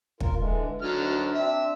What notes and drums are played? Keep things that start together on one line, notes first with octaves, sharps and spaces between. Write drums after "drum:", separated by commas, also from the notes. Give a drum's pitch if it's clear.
F4 A#4, drum: kick
D3 E3 G#3
D2 D3 F#3 D#4 F6
C4 D4 E5